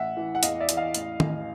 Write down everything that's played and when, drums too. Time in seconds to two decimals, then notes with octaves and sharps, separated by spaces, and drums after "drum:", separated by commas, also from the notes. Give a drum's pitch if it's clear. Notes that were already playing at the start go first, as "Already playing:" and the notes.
Already playing: A1 E5 F#5
0.17 E3
0.35 F#5
0.43 E2 D#5 F5, drum: hi-hat
0.60 D5 E5
0.69 E3, drum: hi-hat
0.77 D#5 F5
0.94 A1, drum: hi-hat
1.20 A1, drum: tom D#3